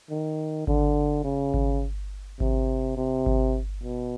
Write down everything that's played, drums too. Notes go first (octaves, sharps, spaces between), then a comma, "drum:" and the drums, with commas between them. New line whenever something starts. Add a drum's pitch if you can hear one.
D#3
D3, drum: kick G#1
C#3
drum: kick G#1
C3, drum: kick G#1
C3
drum: kick G#1
B2